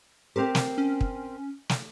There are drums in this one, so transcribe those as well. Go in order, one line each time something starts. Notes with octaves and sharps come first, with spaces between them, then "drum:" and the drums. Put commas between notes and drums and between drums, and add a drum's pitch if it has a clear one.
C4 G4 A#4 C5
drum: snare
C#4
drum: kick
drum: snare